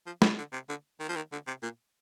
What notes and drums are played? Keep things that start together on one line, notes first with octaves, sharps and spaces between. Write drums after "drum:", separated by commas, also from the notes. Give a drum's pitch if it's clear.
F3
D#3, drum: snare
D3
C3
D3
D#3
F3
D#3
D3
C3
A#2